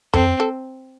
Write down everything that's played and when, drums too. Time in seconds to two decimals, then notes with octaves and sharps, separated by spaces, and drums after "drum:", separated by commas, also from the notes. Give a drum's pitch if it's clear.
0.14 C4 A4, drum: tom F2
0.40 A4